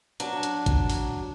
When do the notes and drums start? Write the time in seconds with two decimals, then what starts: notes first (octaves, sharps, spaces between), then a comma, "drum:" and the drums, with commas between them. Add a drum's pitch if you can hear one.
0.20 F#3 D4, drum: hi-hat
0.43 drum: hi-hat
0.66 drum: kick, hi-hat
0.90 drum: open hi-hat